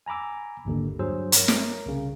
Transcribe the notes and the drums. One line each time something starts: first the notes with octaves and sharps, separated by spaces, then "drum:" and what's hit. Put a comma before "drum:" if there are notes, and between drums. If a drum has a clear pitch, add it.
G#5 A#5 B5 D6 E6
G#1 D#2 D3
G2 F#3 F#4 G#4 C5 E6
A#4 C#5 A#5, drum: hi-hat
drum: snare
C2 C#3